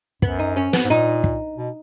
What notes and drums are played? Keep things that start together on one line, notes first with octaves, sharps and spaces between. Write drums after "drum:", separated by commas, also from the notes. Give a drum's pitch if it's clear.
F#2 B3, drum: kick
D#4
C#4
B3, drum: snare
G#2
A#2 D#4
drum: kick
B2